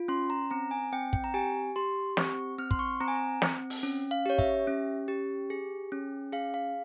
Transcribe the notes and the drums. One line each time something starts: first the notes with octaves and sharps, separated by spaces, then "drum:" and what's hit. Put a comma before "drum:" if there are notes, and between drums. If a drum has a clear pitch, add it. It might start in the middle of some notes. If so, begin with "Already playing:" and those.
Already playing: F4
C#4 C6
A#5
C4 A#5
G#5
C4 G5
G5, drum: kick
A#5
G4 G#5
G4 C6
C4 C#6, drum: snare
C4 F6
C6, drum: kick
C#6
C4 A#5
G#5
A#5
C4, drum: snare
drum: open hi-hat
C#4
F5
G4 C#5
E5, drum: kick
C#4
G4
G#4
C#4
G#4 F5
F5